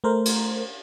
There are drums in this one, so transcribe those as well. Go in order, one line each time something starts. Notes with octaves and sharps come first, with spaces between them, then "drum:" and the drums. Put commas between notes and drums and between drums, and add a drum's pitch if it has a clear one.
A3 A#4 C5
drum: cymbal